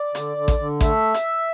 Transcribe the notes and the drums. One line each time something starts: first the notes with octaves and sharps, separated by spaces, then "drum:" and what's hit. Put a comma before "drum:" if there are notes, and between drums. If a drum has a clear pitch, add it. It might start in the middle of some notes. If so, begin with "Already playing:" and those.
Already playing: D5
D3, drum: hi-hat
D3
drum: kick A1, hi-hat
D3
A3 E5, drum: kick A1, hi-hat
drum: hi-hat